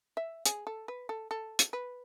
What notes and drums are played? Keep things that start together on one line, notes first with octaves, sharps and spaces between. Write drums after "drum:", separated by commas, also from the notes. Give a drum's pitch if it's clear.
E5
G#4, drum: hi-hat
A4
B4
A4
A4
drum: hi-hat
B4